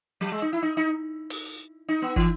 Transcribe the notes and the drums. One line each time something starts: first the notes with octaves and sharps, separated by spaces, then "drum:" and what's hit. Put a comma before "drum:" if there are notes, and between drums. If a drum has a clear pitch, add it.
F#3
G#3
D#4
E4
D#4
D#4
drum: open hi-hat
D#4
B3
E3, drum: kick